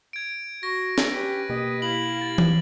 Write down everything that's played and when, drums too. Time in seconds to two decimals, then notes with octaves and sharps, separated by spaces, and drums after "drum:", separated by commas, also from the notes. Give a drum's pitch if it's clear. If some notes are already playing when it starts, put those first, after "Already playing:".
0.13 G#6 D7
0.63 F#4 A#6
0.98 drum: snare
1.11 C#4 G4 B4
1.49 B2 A#3 G4 D#5
1.82 E4 F5 F#7
2.21 A6
2.38 drum: tom